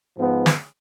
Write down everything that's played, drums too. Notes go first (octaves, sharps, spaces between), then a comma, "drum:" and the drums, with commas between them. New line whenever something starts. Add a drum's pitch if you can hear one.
G#2 F3 B3
drum: snare